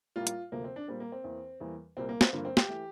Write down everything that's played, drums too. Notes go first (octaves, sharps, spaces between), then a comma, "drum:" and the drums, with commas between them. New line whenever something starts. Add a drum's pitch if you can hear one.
A2 G3 A#3 F4
drum: hi-hat
D2 C3 F3 A3 A#3
C4
D4
A#2 G3 A#3 C4
A#3
C4
E2 E3 A#3
E2 E3 G3 A#3
C2 A#2 G3 A#3 C4
A#3
C4, drum: snare
G2 D3 F3 A#3
C4
G4, drum: snare
E3 A3